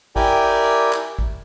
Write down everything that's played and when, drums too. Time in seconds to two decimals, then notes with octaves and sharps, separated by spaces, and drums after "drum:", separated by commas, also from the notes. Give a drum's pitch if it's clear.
0.16 E4 G4 A#4 D5 G5 G#5, drum: kick G#1
0.93 drum: clap
1.19 drum: kick G#1